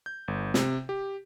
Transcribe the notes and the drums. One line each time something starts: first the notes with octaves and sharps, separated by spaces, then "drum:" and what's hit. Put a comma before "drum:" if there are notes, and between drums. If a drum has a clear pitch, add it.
G6
G1
C3, drum: snare
G4